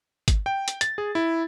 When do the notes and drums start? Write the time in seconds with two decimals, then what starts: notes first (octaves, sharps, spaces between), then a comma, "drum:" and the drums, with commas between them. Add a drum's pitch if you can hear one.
0.28 drum: kick, hi-hat
0.46 G5
0.68 drum: hi-hat
0.81 A6, drum: hi-hat
0.98 G#4
1.15 E4